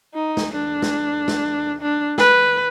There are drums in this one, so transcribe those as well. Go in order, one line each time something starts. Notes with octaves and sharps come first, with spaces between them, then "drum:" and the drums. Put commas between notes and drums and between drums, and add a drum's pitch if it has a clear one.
D#4
drum: snare
D4
drum: snare
drum: snare
D4
B4, drum: snare